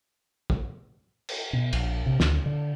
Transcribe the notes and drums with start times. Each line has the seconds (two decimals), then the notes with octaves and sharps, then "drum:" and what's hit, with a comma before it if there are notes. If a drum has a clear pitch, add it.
0.50 drum: kick
1.29 drum: cymbal
1.53 B2
1.73 A#1, drum: cymbal
2.06 C3
2.20 D2, drum: snare
2.46 D3